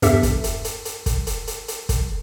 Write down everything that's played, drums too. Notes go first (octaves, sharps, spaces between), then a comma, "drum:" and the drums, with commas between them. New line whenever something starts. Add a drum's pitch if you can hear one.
E2 G2 G4 A4 E5, drum: hi-hat
drum: kick, hi-hat
drum: hi-hat
drum: hi-hat
drum: hi-hat
drum: kick, hi-hat
drum: hi-hat
drum: hi-hat
drum: hi-hat
drum: kick, hi-hat